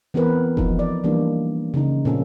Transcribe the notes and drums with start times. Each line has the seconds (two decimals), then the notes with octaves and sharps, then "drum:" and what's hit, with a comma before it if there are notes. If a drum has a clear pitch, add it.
0.14 E3 B3 C4 A#4 B4
0.57 F3 D#4 A4, drum: kick F1
0.79 D5
1.04 E3 G3 A#3 D4 D#4
1.74 C#3 D#4
2.05 A#2 F3 A#3 C4 C#4 A4